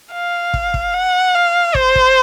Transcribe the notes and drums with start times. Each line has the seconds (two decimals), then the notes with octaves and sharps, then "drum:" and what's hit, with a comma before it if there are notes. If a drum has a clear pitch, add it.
0.13 F5
0.54 drum: kick
0.74 drum: kick
0.94 F#5
1.35 F5
1.75 C5, drum: kick
1.96 drum: kick